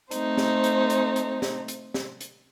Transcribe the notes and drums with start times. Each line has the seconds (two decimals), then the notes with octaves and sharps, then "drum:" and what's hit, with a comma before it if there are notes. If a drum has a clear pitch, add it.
0.11 A3 C4 D#4 C5, drum: hi-hat
0.37 drum: snare
0.64 drum: hi-hat
0.90 drum: hi-hat
1.16 drum: hi-hat
1.42 drum: snare
1.68 drum: hi-hat
1.94 drum: snare
2.21 drum: hi-hat